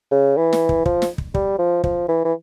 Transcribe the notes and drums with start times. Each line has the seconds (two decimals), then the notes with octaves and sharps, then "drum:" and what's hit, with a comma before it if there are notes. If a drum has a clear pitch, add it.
0.11 C#3
0.37 E3
0.53 drum: snare
0.69 drum: kick
0.86 F3, drum: kick
1.02 drum: snare
1.18 drum: kick
1.34 G3, drum: kick
1.59 F3
1.84 F3, drum: kick
2.08 E3
2.25 E3